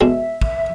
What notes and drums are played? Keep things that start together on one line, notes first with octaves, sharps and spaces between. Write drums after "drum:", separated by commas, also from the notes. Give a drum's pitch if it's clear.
B2 G#3 D4 E5
drum: kick